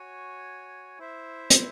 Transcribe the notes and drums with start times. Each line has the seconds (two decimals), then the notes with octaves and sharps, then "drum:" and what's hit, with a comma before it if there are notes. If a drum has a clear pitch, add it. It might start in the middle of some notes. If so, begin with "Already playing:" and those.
Already playing: F#4 C#5 G#5
0.99 E4 C5 E5
1.50 drum: hi-hat